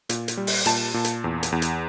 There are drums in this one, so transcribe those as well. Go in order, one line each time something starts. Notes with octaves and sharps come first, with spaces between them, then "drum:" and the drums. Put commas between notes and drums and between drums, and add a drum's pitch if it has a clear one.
A#2, drum: hi-hat
drum: hi-hat
G3
drum: open hi-hat
A#2 A5, drum: hi-hat
A#2
drum: hi-hat
E2
drum: hi-hat
E2
drum: hi-hat